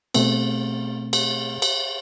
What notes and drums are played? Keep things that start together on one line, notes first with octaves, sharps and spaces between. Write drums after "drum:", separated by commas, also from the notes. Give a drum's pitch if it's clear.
B2 A3 C4, drum: cymbal
drum: cymbal
drum: cymbal